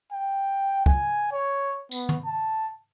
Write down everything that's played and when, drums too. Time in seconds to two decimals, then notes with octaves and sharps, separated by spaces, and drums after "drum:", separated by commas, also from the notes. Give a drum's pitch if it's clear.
0.12 G5
0.86 G#5, drum: kick
1.33 C#5
1.91 B3, drum: tambourine
2.09 drum: tom
2.25 A5